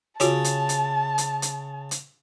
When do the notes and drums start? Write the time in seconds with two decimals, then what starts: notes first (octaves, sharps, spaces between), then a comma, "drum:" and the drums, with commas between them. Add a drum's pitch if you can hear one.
0.20 C#3 F4 F#4 C#5 A5, drum: hi-hat
0.44 drum: hi-hat
0.69 drum: hi-hat
1.18 drum: hi-hat
1.42 drum: hi-hat
1.91 drum: hi-hat